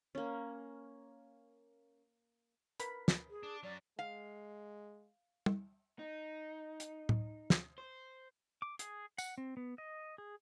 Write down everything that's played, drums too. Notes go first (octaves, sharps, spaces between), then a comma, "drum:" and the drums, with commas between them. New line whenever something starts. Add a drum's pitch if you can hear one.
A#3 C#4
A#4 B4 B5, drum: hi-hat
drum: snare
G#4
D4
F#2 F#3 D5
G#3 F5
drum: tom
D#4
drum: hi-hat
drum: tom A2
drum: snare
C5
D6
G#4, drum: hi-hat
F#5, drum: tambourine
C4
B3
D#5
G#4